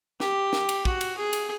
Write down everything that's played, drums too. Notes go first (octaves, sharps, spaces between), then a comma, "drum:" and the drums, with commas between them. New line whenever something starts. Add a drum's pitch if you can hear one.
G4, drum: snare
drum: snare
drum: cymbal
F#4, drum: kick
drum: cymbal
G#4
drum: cymbal